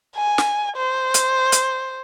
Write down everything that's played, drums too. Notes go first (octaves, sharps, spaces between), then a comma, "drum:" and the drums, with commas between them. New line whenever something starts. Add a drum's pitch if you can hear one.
G#5
drum: snare
C5
drum: hi-hat
drum: hi-hat